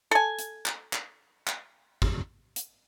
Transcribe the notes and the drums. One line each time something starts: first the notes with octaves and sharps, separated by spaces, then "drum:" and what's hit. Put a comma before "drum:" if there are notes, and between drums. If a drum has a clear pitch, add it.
A4 G#5
drum: hi-hat
drum: clap
drum: clap
drum: clap
drum: kick
drum: hi-hat